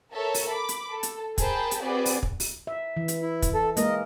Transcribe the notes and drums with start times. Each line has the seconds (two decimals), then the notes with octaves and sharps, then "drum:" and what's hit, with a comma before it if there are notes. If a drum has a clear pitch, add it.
0.13 A4 A#4 C#5 E5
0.34 drum: open hi-hat
0.49 B5 D6
0.69 drum: hi-hat
0.91 A4
1.03 drum: hi-hat
1.38 G#4 A#4 C5 G5 A5 B5, drum: kick, hi-hat
1.71 drum: hi-hat
1.83 C4 F#4 G#4 B4 C5 D5
2.06 drum: open hi-hat
2.23 drum: kick
2.40 drum: open hi-hat
2.67 E5
2.97 E3
3.08 drum: hi-hat
3.22 E4
3.42 drum: kick, hi-hat
3.54 A4
3.77 G#3 A#3 A#4 D#5, drum: hi-hat